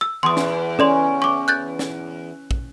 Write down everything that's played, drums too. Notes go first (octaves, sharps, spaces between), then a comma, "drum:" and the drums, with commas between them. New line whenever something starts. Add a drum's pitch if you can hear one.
E6
E2 C6 D#6
drum: snare
C#4 A4 D5 C6
C#6 D6
F#6 G6 A6
drum: snare
drum: kick